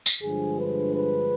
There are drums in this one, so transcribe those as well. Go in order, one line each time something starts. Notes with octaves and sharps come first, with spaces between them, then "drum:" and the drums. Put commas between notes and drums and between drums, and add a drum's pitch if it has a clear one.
drum: tambourine
G2 D3 F3 G#3 G#4
B4
B4